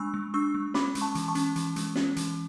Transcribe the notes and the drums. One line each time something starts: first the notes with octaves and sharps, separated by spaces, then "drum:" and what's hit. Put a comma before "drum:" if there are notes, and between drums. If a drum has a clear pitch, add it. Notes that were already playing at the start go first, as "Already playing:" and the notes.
Already playing: G#3 D4 G#5 B5 C#6 E6
G#3
D4 C#6 E6
G#3
C#4 B5 D6, drum: snare
G#3, drum: hi-hat
A5 C#6
E3, drum: hi-hat
A5 C#6
C#4, drum: hi-hat
E3, drum: hi-hat
G#3, drum: hi-hat
C#4, drum: snare
E3, drum: hi-hat